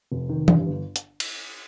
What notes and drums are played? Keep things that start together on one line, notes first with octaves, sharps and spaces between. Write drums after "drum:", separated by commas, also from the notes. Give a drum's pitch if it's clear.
F1
D#3
G2, drum: tom E3
G1
drum: hi-hat
drum: cymbal